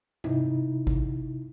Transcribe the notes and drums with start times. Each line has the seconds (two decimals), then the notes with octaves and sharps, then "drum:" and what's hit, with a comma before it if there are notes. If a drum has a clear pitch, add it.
0.24 C3 D#4 E4, drum: tom G2
0.87 drum: kick